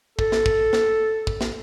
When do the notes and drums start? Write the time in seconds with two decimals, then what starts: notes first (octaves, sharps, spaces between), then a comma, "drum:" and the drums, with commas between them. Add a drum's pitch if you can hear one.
0.19 A4, drum: kick
0.32 drum: snare
0.46 drum: kick
0.73 drum: snare
1.27 drum: kick
1.41 drum: snare